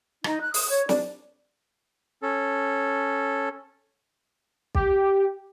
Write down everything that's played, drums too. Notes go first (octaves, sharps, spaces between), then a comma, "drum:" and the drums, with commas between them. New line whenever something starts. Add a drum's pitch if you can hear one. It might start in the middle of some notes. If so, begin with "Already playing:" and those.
D#4, drum: rim click
F#6
D#6, drum: open hi-hat
C#5
D4, drum: snare
C#4 A4
G4, drum: kick